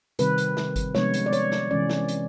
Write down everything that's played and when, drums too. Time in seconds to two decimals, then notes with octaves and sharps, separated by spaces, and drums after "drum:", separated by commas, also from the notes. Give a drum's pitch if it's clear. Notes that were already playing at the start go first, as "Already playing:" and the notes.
0.19 C3 D#3 G3 C4 B4, drum: hi-hat
0.38 drum: hi-hat
0.57 drum: snare
0.76 drum: kick G#1, hi-hat
0.95 C3 F3 G#3 B3 D4 C#5, drum: snare
1.14 drum: hi-hat
1.26 D5
1.33 C#5, drum: hi-hat
1.52 drum: snare
1.70 C3 E3 G#3 C#4 D5
1.90 drum: snare
2.08 drum: hi-hat